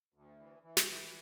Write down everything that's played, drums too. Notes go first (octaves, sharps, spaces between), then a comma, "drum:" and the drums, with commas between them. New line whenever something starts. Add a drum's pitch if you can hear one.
D2
E3
E3
drum: snare
E3